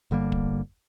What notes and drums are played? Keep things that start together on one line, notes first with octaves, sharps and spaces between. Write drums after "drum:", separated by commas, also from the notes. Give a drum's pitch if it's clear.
G1 D3 G3 A#3
drum: kick